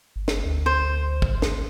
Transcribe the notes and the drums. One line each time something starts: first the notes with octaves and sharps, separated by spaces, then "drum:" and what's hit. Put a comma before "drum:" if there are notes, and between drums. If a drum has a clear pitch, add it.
G1
drum: snare
D2
C5
G#1, drum: kick
drum: snare